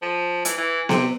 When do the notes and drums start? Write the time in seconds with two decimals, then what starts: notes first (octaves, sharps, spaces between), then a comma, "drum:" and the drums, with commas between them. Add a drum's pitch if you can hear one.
0.02 F3
0.45 E3, drum: hi-hat
0.58 E3
0.89 C3, drum: snare B3